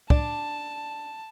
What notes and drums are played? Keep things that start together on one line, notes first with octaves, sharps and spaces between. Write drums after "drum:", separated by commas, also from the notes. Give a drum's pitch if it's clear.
D4 A5, drum: kick